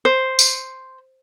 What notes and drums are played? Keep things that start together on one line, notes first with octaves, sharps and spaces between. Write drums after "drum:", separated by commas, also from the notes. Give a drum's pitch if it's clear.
C5
drum: tambourine